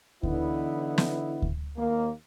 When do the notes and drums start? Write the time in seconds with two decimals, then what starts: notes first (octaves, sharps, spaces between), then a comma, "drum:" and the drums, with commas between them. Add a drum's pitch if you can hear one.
0.23 D3 E3 B3 D#4 E4, drum: kick D2
0.98 drum: snare
1.42 drum: kick D2
1.77 D#2 A#3